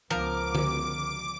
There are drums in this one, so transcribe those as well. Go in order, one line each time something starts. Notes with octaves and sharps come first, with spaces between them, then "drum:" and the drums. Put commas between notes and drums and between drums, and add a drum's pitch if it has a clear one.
C#2 F3 B3 A#4 D6
drum: tom D3